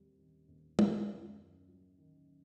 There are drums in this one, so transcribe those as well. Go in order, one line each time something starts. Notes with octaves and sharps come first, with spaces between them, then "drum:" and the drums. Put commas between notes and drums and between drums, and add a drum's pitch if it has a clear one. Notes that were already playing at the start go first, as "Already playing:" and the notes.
Already playing: D#2 D#3 G3 C4
D#3
D#2
D#3, drum: tom
F#2
F#2
F#3
D#3